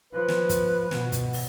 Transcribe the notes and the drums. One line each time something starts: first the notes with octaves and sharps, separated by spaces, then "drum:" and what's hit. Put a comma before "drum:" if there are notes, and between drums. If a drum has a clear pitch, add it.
F3 B4
drum: snare
drum: kick, hi-hat
B2, drum: snare
drum: kick, hi-hat
drum: open hi-hat